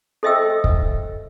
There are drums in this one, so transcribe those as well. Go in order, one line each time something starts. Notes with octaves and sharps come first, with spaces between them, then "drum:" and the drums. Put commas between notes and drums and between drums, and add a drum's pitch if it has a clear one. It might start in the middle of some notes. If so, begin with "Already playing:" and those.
A4 C5 D#5 E5 G5 E6
drum: kick